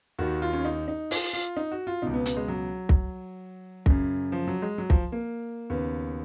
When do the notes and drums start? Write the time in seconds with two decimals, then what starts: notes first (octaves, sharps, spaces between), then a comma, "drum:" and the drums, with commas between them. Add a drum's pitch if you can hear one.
0.19 D#2 D#3 F#4
0.42 F4
0.53 C#4
0.65 D#4
0.88 D#4
1.11 F4, drum: open hi-hat
1.33 F4
1.57 D#4
1.72 F#4
1.87 F4
2.02 C#2 B2 D#4
2.14 B3
2.26 B3, drum: hi-hat
2.37 G#3
2.48 F#3
2.89 drum: kick
3.86 F#2 C#3, drum: kick
4.32 F3
4.47 F#3
4.62 G#3
4.78 F#3
4.90 F3, drum: kick
5.12 A#3
5.70 D#2 C#3 B3